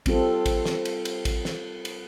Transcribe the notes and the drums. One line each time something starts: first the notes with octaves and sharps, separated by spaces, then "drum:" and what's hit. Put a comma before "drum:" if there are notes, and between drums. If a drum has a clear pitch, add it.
G3 C4 F4 A4, drum: kick, cymbal
drum: kick, cymbal
drum: snare
drum: cymbal
drum: cymbal
drum: kick, cymbal
drum: snare
drum: cymbal